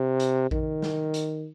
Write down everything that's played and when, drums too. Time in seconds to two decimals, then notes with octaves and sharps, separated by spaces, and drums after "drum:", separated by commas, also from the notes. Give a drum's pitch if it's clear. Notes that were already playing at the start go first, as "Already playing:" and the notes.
Already playing: C3
0.20 drum: hi-hat
0.51 D#3, drum: kick A#1
0.82 drum: snare
1.14 drum: hi-hat